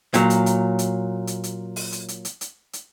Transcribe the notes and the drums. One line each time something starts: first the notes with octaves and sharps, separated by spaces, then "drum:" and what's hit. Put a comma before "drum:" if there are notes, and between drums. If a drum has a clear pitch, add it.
A#2 F#3, drum: hi-hat
drum: hi-hat
drum: hi-hat
drum: hi-hat
drum: hi-hat
drum: hi-hat
drum: open hi-hat
drum: hi-hat
drum: hi-hat
drum: hi-hat
drum: hi-hat
drum: hi-hat